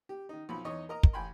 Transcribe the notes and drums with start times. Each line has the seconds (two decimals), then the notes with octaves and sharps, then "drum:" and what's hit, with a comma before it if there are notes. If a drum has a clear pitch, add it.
0.09 G4
0.29 D#3 D#4
0.49 B1 F3 B5
0.65 E2 D#4 C#5 D#5
0.89 A#4 D#5 A#5
1.03 drum: kick
1.13 A1 G5 G#5 B5 C6